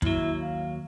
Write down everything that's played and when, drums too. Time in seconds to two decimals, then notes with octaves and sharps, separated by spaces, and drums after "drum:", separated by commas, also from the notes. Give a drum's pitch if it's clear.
0.02 D#2 F#3 E4, drum: kick
0.41 F5